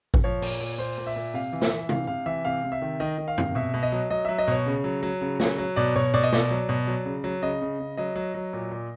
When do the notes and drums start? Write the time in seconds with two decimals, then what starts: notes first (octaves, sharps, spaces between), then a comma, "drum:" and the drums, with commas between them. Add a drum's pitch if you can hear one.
0.14 drum: kick G#1
0.24 F3 C#5
0.42 A#2, drum: open hi-hat
0.60 A#2
0.78 A#2 C5
0.98 A#2
1.07 E5
1.16 A#2
1.34 C3 F5
1.53 E3
1.62 E5, drum: snare
1.71 E3
1.89 C3 F5, drum: tom
2.07 C3 F5
2.26 E3 E5
2.45 C3 F5
2.64 C3
2.72 E5
2.82 D#3
3.00 D#3 D#5
3.18 D#3
3.28 F5
3.38 C3, drum: tom F2
3.55 B2 E5
3.74 B2
3.83 D#5
3.92 F#3
4.10 F#3 D#5
4.25 F#3 E5
4.38 D#5
4.47 B2 C#5
4.66 C#3
4.84 F#3
5.03 F#3
5.21 C#3
5.40 F#3, drum: snare
5.58 F#3
5.76 B2 D5
5.96 B2 C#5
6.14 B2 D5
6.23 D#5
6.32 B2 D5, drum: snare
6.51 F#3
6.69 B2
6.87 F#3
7.05 C#3
7.24 F#3
7.42 C#3 D#5
7.61 C#3
7.80 C#3
7.97 F#3 D#5
8.16 F#3
8.34 F#3
8.53 A#2
8.71 A#2